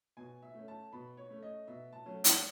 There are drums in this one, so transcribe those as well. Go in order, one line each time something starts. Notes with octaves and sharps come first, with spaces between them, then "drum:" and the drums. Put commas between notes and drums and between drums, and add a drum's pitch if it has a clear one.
B2 G#5
E5
A3 C#4
A5
B2 B5
C#5
A3 C#4
D#5
B2 E5
A5
F#3 A3 C#4
drum: hi-hat